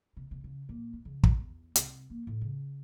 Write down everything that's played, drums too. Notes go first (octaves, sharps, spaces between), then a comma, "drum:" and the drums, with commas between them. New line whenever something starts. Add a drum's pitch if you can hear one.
C3
C3
C#3
A#2
E3
C#3
E4, drum: kick
E2
C2, drum: hi-hat
A#3
A2
C#3